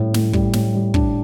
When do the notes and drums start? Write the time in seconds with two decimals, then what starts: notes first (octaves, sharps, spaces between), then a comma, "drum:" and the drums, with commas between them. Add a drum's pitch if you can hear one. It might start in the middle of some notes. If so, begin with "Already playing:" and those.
Already playing: A2 G3
0.14 A2, drum: snare
0.33 G3, drum: kick
0.53 A2, drum: snare
0.75 G3
0.94 D4, drum: kick